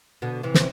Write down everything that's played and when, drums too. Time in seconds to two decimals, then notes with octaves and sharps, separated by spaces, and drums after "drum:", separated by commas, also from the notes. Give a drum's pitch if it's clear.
0.22 B2 D3
0.43 C3 E3
0.54 drum: snare